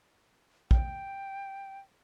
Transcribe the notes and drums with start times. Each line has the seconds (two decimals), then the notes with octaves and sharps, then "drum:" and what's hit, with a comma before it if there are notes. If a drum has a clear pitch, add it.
0.71 G5, drum: kick